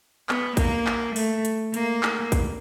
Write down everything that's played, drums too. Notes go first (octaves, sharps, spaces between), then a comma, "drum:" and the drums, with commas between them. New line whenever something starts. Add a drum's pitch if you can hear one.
B3, drum: clap
A#3, drum: kick, hi-hat
drum: clap
A3, drum: open hi-hat
drum: hi-hat
A#3, drum: hi-hat
drum: clap
drum: kick, hi-hat